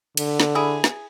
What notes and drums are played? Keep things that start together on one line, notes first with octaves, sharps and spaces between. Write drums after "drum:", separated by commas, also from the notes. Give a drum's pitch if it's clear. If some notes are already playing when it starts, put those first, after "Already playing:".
D3, drum: cymbal
drum: snare
E4 G#4
drum: snare